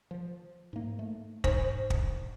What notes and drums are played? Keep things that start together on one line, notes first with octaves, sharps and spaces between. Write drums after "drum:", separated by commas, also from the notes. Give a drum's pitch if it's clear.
F3
G#2 A#3
A3
G#2 C5, drum: kick
drum: kick